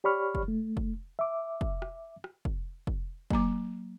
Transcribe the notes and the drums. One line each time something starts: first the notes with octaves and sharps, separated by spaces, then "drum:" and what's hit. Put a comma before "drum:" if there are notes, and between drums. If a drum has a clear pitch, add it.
G4 C#5 D5 B5 C#6 F6
drum: kick
A3
drum: kick
E5 D6
drum: kick
drum: rim click
drum: rim click
drum: kick
drum: kick
F#3 A#3 A#5 D6, drum: kick